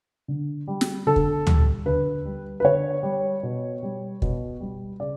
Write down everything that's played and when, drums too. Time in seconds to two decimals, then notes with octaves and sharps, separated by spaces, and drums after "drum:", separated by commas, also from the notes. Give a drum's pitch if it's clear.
0.28 D3
0.67 G3
0.81 drum: snare
1.07 D3 A4
1.16 drum: kick
1.47 G3, drum: tom D2
1.85 D3 B4
2.25 G3
2.60 B4
2.63 D3 C#5
3.03 G3
3.43 B2
3.83 G3
4.22 B2, drum: kick
4.60 G3
5.00 C#3 D5